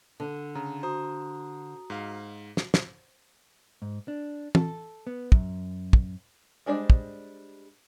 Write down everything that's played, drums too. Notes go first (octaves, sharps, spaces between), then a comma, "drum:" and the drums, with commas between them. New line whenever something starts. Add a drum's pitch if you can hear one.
D3 A4
C#3 A#5
F#4 C5 A#5 D#6
G#2 F5
drum: snare
drum: snare
G#2
D4
A4, drum: tom E3
B3
F#2, drum: kick
drum: kick
G3 G#3 D4 C5 D5
drum: kick